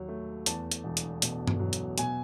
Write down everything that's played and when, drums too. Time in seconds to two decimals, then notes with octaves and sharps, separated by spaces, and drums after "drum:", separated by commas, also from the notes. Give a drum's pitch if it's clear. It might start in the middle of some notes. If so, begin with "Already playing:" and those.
Already playing: D#2 F#3
0.09 A3
0.46 E2 A5, drum: hi-hat
0.71 drum: hi-hat
0.84 E1
0.97 drum: hi-hat
1.22 B2, drum: hi-hat
1.47 drum: tom G2
1.60 F#3
1.73 drum: hi-hat
1.98 B2 G#5, drum: hi-hat